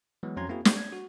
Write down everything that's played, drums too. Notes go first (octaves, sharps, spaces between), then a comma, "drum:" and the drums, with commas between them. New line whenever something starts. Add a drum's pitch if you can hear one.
E3 F#3 G#3 B3
F2 F#3 C#4 A#5 C6 G#6
A#3 C4 E4 F#4 G#4
C4 G4 C#6, drum: snare
G#6
F#4